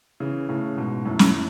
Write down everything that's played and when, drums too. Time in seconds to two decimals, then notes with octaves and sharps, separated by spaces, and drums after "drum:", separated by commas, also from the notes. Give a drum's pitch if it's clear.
0.20 C#3 E3
0.49 A2 C#3
0.76 G#2 B2
1.05 F#2 A2
1.19 drum: snare